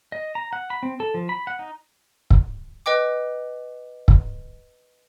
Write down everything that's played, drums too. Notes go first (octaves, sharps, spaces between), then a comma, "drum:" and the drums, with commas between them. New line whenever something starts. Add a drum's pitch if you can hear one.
D#5
A#5
F#5
B5
C4
A4
F3
B5
F#5
D#4
drum: kick
B4 D#5 G5 D6
drum: kick